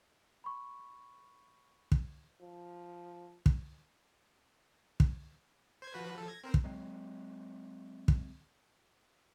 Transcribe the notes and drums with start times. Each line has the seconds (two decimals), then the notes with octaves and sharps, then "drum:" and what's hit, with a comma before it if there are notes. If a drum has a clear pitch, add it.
0.44 B5 C#6
1.92 drum: kick
2.42 F3
3.46 drum: kick
5.00 drum: kick
5.82 C5 G#6
5.94 F3 F#4 B4
6.15 F3 A4
6.28 G#6 A#6
6.44 C4 A#4 C5
6.54 drum: kick
6.64 F#3 G#3 C4
8.08 drum: kick